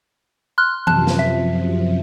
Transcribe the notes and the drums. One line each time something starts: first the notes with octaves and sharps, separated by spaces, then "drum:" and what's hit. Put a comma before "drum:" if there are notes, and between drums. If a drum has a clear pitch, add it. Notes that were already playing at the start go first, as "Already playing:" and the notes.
C6 F6 F#6
F#2 C3 F3 A5 F#6, drum: tom E3
drum: snare
E5